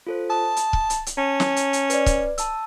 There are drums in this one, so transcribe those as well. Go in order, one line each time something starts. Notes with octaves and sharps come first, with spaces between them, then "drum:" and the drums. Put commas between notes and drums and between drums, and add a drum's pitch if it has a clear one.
F4 A4 C5
A5 D#6
drum: hi-hat
drum: kick
drum: hi-hat
drum: hi-hat
C#4 A5
drum: snare
drum: hi-hat
drum: hi-hat
B4 D5, drum: hi-hat
drum: kick, hi-hat
A5 E6, drum: hi-hat